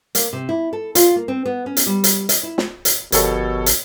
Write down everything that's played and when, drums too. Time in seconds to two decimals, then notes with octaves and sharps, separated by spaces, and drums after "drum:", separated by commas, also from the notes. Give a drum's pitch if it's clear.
0.15 A#3, drum: hi-hat
0.33 C3
0.49 E4
0.73 A4
0.95 F4, drum: hi-hat
1.16 A#3
1.28 C4
1.45 B3
1.66 C#4
1.77 drum: hi-hat
1.86 G3
2.04 drum: hi-hat
2.29 D#5, drum: hi-hat
2.43 E4
2.58 drum: snare
2.85 drum: hi-hat
3.12 G1 B2 F3 G4 A4 A#4 C#5, drum: hi-hat
3.66 drum: hi-hat